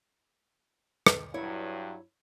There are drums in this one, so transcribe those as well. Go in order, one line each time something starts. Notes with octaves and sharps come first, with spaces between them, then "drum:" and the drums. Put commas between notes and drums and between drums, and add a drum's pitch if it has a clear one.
drum: rim click
G2 F#3 E4 C#5